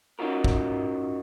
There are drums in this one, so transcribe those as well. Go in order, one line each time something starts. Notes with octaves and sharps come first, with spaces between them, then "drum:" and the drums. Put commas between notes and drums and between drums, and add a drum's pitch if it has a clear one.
C#4 D#4 F4 F#4 A#4
drum: kick